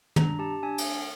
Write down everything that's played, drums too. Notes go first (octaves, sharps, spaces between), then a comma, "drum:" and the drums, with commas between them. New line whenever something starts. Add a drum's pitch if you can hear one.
D4 A#5, drum: tom
G4 A5
D4 G#5
drum: cymbal